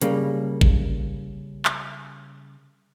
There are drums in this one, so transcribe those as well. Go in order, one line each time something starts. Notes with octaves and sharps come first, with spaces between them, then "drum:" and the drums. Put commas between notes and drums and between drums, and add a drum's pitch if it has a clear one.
C#3 G3 A#3, drum: hi-hat
drum: kick G#1
drum: clap